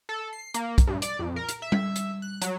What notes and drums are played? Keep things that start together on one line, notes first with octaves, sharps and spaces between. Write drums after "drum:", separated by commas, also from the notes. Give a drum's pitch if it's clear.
A4
C7
A#3, drum: hi-hat
drum: kick, hi-hat
G2
D5, drum: hi-hat
F2
A#4
drum: hi-hat
E5
drum: tom G3
drum: hi-hat
F#6
F#3, drum: hi-hat